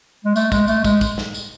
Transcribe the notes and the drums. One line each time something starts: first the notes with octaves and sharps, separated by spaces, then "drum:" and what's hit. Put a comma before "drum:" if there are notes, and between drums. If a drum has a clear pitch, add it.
G#3
A3, drum: tambourine
G#3, drum: kick, tambourine
A3, drum: tambourine
G#3, drum: kick, tambourine
drum: kick, tambourine
drum: snare
drum: tambourine